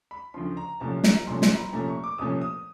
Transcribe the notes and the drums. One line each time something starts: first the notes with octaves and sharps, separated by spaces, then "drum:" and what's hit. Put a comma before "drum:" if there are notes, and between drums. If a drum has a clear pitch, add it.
B5
D2 C#3 F3 C6
A#5
C2 A#2 F3 A3 C#4 A5
A#5, drum: snare
C2 A#2 F3 A3 C#4 C6
C6, drum: snare
A#5
B5
C2 A#2 F3 A3 C#4 A#5
C#6
D6
C2 A#2 F3 A3 C#4 D#6
D#6